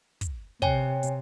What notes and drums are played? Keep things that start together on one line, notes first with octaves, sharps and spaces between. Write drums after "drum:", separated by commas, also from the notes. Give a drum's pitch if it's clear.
drum: kick, hi-hat
C3 C#5 G5 G#5, drum: kick
drum: hi-hat